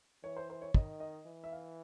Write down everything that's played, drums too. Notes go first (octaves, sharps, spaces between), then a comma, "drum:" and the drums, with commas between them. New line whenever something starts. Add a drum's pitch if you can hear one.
E3 C#5
C5
C5
C#5
D#3 D#5, drum: kick
D#5
E3
E5
F5